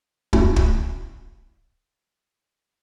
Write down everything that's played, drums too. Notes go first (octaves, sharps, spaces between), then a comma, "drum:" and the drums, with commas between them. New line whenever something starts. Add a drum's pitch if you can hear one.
E2 A3 C#4 E4 F#4, drum: kick
drum: kick